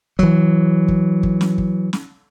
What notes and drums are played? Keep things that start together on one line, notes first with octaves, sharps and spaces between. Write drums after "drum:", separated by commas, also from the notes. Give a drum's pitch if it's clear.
E3 F#3, drum: kick
drum: kick
drum: kick
drum: snare
drum: kick
drum: snare